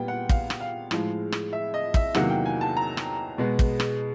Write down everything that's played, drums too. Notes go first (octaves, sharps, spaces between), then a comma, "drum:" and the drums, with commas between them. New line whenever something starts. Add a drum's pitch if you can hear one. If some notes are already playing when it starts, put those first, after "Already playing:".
Already playing: A#2 G3 B3 G5
F#5
F5, drum: kick
drum: rim click
F5
A2 F3 G#3, drum: rim click
drum: rim click
E5
D#5
E5, drum: kick
E2 C3 D#3 F#3 A#3 F#5, drum: rim click
G5
G#5
A5
A#5
drum: rim click
B2 G#3 B3
drum: kick
drum: rim click